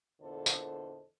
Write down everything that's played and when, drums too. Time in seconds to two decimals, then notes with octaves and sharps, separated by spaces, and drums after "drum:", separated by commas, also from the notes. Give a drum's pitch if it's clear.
0.21 E2 A#2 D3 A4 C5 D#5
0.46 drum: tambourine